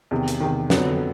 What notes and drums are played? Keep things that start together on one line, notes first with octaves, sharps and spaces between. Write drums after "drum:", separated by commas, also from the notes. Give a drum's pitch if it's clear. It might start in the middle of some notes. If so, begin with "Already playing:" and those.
E2 C3 D#3
drum: hi-hat
E2 C3 D#3
F2 D3 F#3 B3, drum: snare